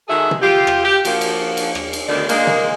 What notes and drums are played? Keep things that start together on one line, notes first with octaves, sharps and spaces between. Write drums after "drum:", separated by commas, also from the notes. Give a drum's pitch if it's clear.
D#3 G#3 F#4 G#4 A4 E5
drum: tom
F4 G4
drum: rim click
G4
F3 A#3 F#4, drum: cymbal
drum: cymbal
drum: cymbal
drum: rim click
drum: cymbal
D2 B2 D3 D#3 D5
G#3 A#3, drum: cymbal
drum: tom